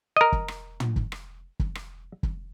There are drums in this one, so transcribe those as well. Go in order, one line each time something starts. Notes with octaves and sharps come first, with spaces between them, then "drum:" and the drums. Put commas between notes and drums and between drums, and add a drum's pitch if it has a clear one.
A#4 D#5
drum: kick
drum: rim click
drum: tom
drum: kick
drum: rim click
drum: kick
drum: rim click
drum: kick